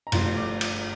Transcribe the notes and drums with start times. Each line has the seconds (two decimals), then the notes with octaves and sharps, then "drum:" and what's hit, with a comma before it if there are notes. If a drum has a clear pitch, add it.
0.07 A#5
0.12 G1 G2 F3 A3 C6, drum: cymbal
0.37 D6
0.61 drum: cymbal